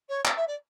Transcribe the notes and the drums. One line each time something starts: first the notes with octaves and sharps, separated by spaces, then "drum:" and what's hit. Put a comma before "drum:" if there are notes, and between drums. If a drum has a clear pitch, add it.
C#5
drum: clap
E5
D5